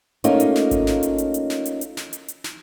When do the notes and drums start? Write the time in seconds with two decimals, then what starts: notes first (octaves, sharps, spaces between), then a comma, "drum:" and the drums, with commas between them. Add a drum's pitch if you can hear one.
0.24 A3 A#3 C#4 D#4 F4, drum: hi-hat
0.40 drum: hi-hat
0.55 drum: snare
0.71 drum: kick G#1, hi-hat
0.87 drum: snare
1.03 drum: hi-hat
1.18 drum: hi-hat
1.34 drum: hi-hat
1.50 drum: snare
1.66 drum: hi-hat
1.81 drum: hi-hat
1.97 drum: snare
2.13 drum: hi-hat
2.28 drum: hi-hat
2.44 drum: snare